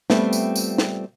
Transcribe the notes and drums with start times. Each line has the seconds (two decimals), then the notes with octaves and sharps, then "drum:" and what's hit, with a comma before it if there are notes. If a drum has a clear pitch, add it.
0.10 G3 A3 B3 C4 F4 E5, drum: snare
0.33 drum: tambourine
0.56 drum: tambourine
0.78 drum: snare